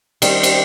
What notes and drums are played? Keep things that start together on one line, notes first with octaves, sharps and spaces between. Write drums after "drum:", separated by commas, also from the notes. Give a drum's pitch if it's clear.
D#3 G3 C4, drum: cymbal
drum: cymbal